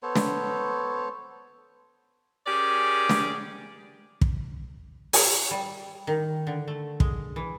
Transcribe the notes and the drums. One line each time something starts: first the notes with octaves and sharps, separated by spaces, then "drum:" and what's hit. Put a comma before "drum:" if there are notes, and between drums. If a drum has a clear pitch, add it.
B3 A4 C5 C#5
drum: snare
C#4 G4 G#4 A#4 D5
drum: snare
drum: kick
G#5, drum: open hi-hat
G3
D#3
D3
A3
G#3, drum: kick
E3